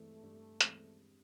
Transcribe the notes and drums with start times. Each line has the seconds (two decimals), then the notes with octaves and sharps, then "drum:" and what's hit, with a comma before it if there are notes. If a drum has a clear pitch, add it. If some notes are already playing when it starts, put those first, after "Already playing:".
Already playing: G2 E3 G#3 A3 C4
0.22 G2
0.61 E3 G#3 C4, drum: hi-hat